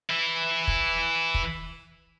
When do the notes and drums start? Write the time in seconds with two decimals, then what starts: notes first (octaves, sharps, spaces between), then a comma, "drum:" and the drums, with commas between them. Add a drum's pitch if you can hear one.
0.10 E3 E4
0.68 drum: kick
1.34 drum: kick